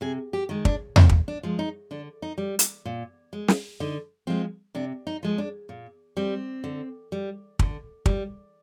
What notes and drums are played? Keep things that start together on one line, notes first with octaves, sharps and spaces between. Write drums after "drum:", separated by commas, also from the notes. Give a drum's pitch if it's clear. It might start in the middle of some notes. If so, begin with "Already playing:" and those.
C3 G#4
G4
D#3 G#3
D4, drum: kick
A#2 C4, drum: tom E2
drum: kick
D4
F3 G#3
D#4
D3 D4
D#4
G3
drum: hi-hat
A#2
G#3
drum: snare
D3 D#4
F3 G#3 C4
C3 D4
D#4
F3 G#3
D4
A#2
G3 C4
D3
G3
D3, drum: kick
G3, drum: kick